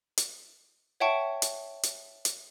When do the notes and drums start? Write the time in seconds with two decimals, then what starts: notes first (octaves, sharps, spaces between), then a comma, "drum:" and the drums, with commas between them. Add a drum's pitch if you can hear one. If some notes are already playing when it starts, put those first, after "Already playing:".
0.17 drum: hi-hat
1.00 C#5 E5 F#5 G5 A5 C#6
1.42 drum: hi-hat
1.83 drum: hi-hat
2.25 drum: hi-hat